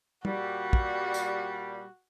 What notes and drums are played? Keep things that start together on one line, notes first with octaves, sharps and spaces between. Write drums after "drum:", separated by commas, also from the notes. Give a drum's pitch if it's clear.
A#2 G3 F#4, drum: tom
drum: kick
drum: tambourine